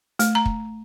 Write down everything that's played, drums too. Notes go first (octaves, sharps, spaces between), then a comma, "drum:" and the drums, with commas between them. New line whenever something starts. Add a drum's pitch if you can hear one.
A3, drum: hi-hat
A#5
drum: kick